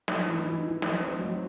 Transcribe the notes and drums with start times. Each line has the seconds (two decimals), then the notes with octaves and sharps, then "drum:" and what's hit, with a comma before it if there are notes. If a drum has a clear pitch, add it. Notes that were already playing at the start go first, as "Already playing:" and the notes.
0.08 D#4, drum: snare
0.26 E3
0.45 E3
0.63 E3
0.82 D#4, drum: snare
1.00 C4
1.19 F#3